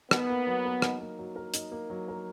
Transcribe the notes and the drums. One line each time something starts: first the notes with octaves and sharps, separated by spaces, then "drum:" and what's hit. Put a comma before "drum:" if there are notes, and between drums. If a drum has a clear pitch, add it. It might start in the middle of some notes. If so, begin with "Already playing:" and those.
B3 D#4, drum: rim click
A#3
F#3
A#4
D#4, drum: rim click
A#3
F#3
A#4
D#4, drum: hi-hat
A#3
F#3
A#4